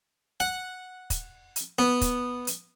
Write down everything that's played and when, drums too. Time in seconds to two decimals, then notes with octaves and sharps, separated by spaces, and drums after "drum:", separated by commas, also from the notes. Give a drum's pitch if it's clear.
0.40 F#5
1.10 drum: kick, hi-hat
1.56 drum: hi-hat
1.79 B3
2.01 drum: kick, hi-hat
2.47 drum: hi-hat